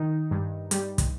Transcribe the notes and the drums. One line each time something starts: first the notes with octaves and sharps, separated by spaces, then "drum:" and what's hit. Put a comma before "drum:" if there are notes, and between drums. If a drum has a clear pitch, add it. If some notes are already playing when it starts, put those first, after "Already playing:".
Already playing: D#3 D#4
G2
G3, drum: hi-hat
drum: kick, hi-hat